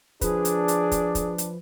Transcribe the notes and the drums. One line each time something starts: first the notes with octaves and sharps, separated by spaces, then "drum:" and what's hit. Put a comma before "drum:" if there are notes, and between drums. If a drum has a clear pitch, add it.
F3 D4 G#4 B4, drum: kick, hi-hat
drum: hi-hat
drum: hi-hat
drum: kick, hi-hat
drum: kick, hi-hat
drum: hi-hat